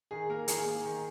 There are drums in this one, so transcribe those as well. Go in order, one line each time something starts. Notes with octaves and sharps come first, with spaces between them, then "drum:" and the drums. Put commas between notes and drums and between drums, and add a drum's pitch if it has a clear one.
D#3 G#4
A#3 A#4
D#3 G#4, drum: hi-hat
A#3
D#3